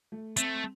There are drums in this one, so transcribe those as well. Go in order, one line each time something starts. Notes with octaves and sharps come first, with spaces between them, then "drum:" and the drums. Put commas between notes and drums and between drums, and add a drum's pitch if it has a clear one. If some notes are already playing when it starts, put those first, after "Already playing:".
A3
A3 C4, drum: hi-hat